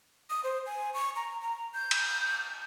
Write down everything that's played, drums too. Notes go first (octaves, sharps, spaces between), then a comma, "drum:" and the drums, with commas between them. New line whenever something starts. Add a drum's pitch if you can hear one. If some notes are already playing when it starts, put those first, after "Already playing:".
D#6
C5
G#5
C#6
A#5
A#5
G6
drum: cymbal